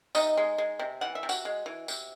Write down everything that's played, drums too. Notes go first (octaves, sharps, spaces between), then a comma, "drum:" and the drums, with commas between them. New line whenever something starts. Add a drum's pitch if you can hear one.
C3 D#4 D#5, drum: tambourine
G#3
G#3
C3
E3 F#5
E5
C3
F#4 F#5, drum: tambourine
G#3
E3
C3, drum: tambourine